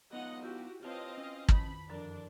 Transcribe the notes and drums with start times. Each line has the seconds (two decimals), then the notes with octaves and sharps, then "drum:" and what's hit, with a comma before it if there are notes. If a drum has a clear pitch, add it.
0.13 B3 D#4 F4 D#5 F#5
0.43 E4 F#4 G4 G6
0.83 C4 F4 G4 B4 C#5 D#5 F5 A5
1.18 C#4
1.49 F2 D#3 A5 B5, drum: kick
1.90 F#2 D3 F3 D4 A#4